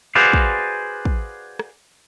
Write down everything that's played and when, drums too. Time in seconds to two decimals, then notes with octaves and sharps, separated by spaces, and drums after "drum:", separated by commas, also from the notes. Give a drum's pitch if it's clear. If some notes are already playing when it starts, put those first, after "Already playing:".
0.15 F#4 G#4 B4 C5 D5 F5
0.33 drum: kick
1.05 drum: kick
1.59 drum: rim click